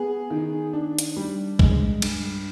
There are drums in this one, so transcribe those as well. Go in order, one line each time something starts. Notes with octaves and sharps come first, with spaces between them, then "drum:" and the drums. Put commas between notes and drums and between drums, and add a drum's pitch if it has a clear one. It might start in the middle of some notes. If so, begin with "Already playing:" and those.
Already playing: B3 G#4
D#3
D4
drum: hi-hat
G3
G#3, drum: kick
G2, drum: cymbal